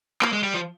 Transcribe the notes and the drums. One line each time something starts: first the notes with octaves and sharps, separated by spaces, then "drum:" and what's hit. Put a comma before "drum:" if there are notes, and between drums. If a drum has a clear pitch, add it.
A#3, drum: clap
G#3
G3
F3